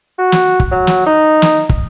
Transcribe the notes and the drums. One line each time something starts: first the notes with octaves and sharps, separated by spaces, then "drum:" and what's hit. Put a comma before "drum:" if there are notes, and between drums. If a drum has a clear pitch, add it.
F#4
drum: snare
drum: kick
F#3
drum: snare
D#4
drum: snare
drum: kick